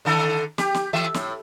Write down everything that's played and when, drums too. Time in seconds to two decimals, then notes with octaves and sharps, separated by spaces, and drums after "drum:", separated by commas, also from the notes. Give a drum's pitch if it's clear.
0.05 D3 D#3 A4
0.58 G4, drum: snare
0.74 drum: snare
0.93 E3 A3 E5
1.14 A2, drum: snare